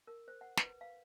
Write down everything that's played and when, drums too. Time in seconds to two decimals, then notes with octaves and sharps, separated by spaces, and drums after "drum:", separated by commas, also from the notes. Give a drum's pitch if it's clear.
0.07 A#4
0.28 C5
0.41 F#5
0.57 B4, drum: snare
0.81 F5